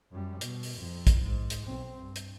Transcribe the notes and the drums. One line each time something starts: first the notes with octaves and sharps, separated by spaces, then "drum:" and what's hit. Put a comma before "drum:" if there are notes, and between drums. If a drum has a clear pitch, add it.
F#2 G3
B2, drum: hi-hat
drum: open hi-hat
F2
drum: kick, hi-hat
G#2
drum: hi-hat
B1 C4
G2
drum: hi-hat